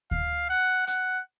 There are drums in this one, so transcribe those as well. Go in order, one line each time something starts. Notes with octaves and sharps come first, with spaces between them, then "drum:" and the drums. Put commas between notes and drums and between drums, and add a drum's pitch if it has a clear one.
F5, drum: kick D2
F#5
F#5, drum: hi-hat